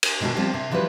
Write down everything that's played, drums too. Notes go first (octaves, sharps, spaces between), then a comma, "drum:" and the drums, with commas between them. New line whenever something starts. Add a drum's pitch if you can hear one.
drum: cymbal
B2 D#3 A3 F4 F#4
F3 G3 B3 C4 F4
C3
E3 F3 G3 F#4 B4